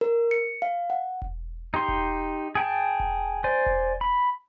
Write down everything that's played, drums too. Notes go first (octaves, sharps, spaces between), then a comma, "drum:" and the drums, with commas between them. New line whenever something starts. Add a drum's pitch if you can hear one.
A#4
C#7
F5
F#5
drum: kick E1
D#4 G4 C6
drum: kick E1
G#4 G5 A5
drum: kick E1
C5 D5 G#5
drum: kick E1
B5